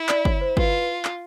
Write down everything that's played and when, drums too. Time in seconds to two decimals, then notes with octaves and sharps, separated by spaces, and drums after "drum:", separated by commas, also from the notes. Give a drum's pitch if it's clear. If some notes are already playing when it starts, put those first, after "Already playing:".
Already playing: E4
0.09 D5, drum: clap
0.25 C#5, drum: kick
0.41 C5
0.57 F4 B4, drum: kick
1.05 drum: clap